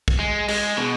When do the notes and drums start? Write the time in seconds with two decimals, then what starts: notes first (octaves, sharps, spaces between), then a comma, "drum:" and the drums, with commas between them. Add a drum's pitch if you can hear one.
0.08 drum: kick
0.19 G#3
0.48 G#3, drum: cymbal
0.77 B2